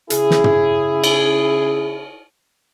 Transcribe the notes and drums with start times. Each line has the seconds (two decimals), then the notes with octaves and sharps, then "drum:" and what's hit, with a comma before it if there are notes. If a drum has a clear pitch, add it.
0.10 C#3 E4 G#4, drum: hi-hat
0.31 drum: snare
0.44 drum: tom
1.04 drum: cymbal